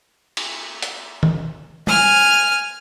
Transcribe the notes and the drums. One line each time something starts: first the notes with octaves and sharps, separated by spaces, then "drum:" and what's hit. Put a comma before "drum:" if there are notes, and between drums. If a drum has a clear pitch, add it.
drum: cymbal
drum: hi-hat
drum: tom
G#5 F6, drum: tom